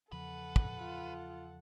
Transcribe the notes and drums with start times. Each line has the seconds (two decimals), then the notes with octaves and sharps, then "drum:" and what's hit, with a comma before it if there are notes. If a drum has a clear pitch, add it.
0.12 E2 C#3 F3 A4 B4 F#5
0.56 drum: kick
0.79 F4